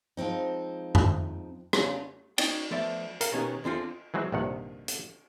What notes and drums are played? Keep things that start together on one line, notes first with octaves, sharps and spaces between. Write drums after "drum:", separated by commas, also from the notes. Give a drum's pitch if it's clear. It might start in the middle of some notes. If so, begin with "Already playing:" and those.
F3 G#3 C4 D#4
drum: tom F#2
C#3 B3 D4 G#5 A#5, drum: rim click
C#4 D#4 D5 G5, drum: cymbal
F3 A3 B3 D5 E5
A#4 F5 F#5, drum: hi-hat
B2 D#3 B3 C#4 G4 A#4
E2 D3 C4 F4 F#5
E3 F#3 G#3 C4
A#1 G2 C3 D#3 F#5
drum: hi-hat